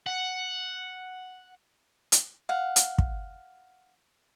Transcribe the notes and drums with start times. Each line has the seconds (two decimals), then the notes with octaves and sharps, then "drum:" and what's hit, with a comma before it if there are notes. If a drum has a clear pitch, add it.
0.06 F#5
2.12 drum: hi-hat
2.49 F5 F#5
2.76 drum: hi-hat
2.98 drum: kick